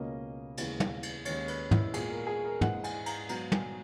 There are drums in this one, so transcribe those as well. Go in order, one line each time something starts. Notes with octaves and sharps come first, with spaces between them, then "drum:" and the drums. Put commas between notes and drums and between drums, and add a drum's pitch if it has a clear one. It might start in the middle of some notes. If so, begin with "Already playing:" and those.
Already playing: C#2 B2 A#3 C#4 D#5
D#2 C#3 E3 G#3 B3, drum: cymbal
drum: tom
drum: cymbal
D#2 D#3 G#3 C#4 C#5, drum: cymbal
B4, drum: cymbal
E4, drum: tom
A#2 G#3 B3 G#4, drum: cymbal
A#4
G#4
A#4
G#2 E3 G#3 F#5, drum: tom
G#5, drum: cymbal
A#5, drum: cymbal
G#2 F#3 B3 A#5, drum: cymbal
G#5, drum: tom